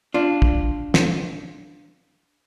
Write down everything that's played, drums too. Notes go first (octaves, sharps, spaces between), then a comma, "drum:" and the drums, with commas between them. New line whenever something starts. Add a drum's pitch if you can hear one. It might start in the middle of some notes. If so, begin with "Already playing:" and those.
D4 F4
drum: kick
drum: snare